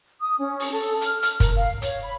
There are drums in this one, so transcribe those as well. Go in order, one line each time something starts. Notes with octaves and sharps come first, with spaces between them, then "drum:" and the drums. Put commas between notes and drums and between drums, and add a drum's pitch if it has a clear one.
D#6
C#4
drum: open hi-hat
A4
F6, drum: hi-hat
F6, drum: hi-hat
A#4, drum: kick, hi-hat
F5
C#5, drum: hi-hat
B5